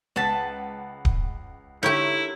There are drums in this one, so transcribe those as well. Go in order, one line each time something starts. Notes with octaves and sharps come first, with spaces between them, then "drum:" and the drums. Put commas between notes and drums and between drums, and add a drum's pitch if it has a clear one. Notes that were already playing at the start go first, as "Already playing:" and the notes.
C#2 B4 F#5 A5 B6
drum: kick D1
D3 E4 G4 A#4 C#5 E5 G6